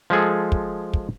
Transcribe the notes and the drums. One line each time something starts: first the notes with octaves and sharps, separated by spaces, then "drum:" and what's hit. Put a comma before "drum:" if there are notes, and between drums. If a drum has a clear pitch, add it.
F3 G#3 G#4 A4
drum: kick
drum: kick